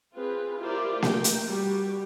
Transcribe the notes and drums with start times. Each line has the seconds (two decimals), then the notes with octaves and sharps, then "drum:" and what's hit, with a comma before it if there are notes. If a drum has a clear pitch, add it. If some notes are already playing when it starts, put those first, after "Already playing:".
0.17 C4 F4 G#4 B4
0.61 E4 F4 G4 A#4 C5 D5
1.02 A3 A#4 G5, drum: snare A#3
1.24 drum: hi-hat
1.47 G3 F#4 G4